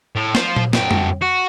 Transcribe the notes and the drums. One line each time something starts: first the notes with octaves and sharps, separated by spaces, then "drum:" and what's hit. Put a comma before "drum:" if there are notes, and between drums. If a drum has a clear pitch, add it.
A2
F4 C5, drum: snare
drum: tom A#2
F#2 G5, drum: snare
drum: tom F2
F#4